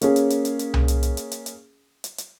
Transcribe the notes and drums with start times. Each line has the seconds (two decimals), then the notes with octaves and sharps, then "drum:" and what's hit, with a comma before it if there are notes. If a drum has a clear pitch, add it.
0.01 A#3 C#4 G#4, drum: hi-hat
0.16 drum: hi-hat
0.30 drum: hi-hat
0.45 drum: hi-hat
0.59 drum: hi-hat
0.74 drum: tom C2
0.88 drum: hi-hat
1.03 drum: hi-hat
1.17 drum: hi-hat
1.32 drum: hi-hat
1.46 drum: hi-hat
2.04 drum: hi-hat
2.18 drum: hi-hat